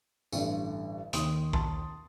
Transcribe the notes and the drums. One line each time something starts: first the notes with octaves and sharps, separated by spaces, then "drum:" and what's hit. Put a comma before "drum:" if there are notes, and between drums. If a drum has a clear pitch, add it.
A1 G2 D3, drum: tambourine
D#2 D#3 C6 D#6, drum: hi-hat
A5 C6, drum: kick A#1